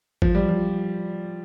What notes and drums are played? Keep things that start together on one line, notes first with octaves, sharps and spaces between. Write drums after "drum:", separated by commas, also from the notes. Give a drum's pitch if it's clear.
F3, drum: kick G#1
G3
F3